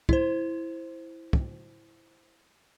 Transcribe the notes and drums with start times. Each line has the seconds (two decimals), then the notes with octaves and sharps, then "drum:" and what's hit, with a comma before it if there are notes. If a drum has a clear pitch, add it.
0.09 E4 C5, drum: kick
1.33 drum: kick